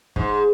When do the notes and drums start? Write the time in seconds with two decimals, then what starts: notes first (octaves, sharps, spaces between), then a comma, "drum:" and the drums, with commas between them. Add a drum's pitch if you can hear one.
0.16 G#2, drum: kick